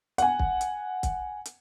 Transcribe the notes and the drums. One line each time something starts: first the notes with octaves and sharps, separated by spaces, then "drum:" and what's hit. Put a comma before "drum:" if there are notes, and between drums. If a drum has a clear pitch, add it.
F#5 G#5, drum: hi-hat
drum: kick
drum: hi-hat
drum: kick, hi-hat
drum: hi-hat